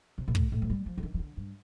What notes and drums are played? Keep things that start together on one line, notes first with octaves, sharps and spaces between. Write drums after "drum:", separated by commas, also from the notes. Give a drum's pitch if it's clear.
C3
A#2
A2, drum: kick
A2
F3
G3
F3
D3
D#3
D#3
D3
G2